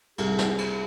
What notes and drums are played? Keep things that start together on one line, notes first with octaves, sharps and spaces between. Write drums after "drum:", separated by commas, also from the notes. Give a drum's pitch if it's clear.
C2 G#4, drum: cymbal
drum: snare
drum: cymbal